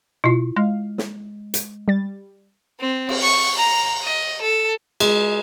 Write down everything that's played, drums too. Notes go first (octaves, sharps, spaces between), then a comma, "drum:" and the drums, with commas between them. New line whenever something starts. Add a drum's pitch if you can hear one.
B2 E4 F4
G#3 F5
drum: snare
drum: hi-hat
G3 A6
C4
drum: cymbal
C#6
A#5
D#5
A4
G#3, drum: cymbal